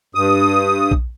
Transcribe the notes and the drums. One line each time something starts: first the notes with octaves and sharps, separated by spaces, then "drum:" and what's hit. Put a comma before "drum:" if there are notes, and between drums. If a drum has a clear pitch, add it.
G2 D#6
drum: kick A#1